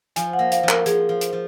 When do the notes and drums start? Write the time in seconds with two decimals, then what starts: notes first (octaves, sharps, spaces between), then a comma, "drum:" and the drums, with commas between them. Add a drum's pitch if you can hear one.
0.16 F3 G#5, drum: hi-hat
0.34 F#5
0.39 A#3
0.52 F5, drum: hi-hat
0.63 F3
0.69 A#4, drum: clap
0.86 F3 G#4, drum: hi-hat
1.09 F3
1.21 drum: hi-hat
1.33 F3